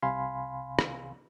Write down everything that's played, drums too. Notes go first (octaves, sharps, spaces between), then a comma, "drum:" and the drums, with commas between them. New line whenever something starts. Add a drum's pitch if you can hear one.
C2 C3 F5 G#5 B5 C6
drum: rim click